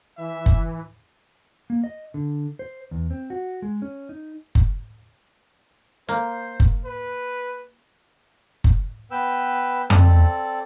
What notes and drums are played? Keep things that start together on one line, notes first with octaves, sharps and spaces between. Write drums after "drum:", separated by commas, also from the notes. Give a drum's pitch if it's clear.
E3 E5
drum: kick F#1
A#3
D#5
D3
C5
E2
C4
F#4
G#3
C#4
D#4
drum: kick F#1
A#3 C5
drum: kick F#1
B4
drum: kick F#1
B3 B4 G5 E6
C4 A4 D5, drum: tom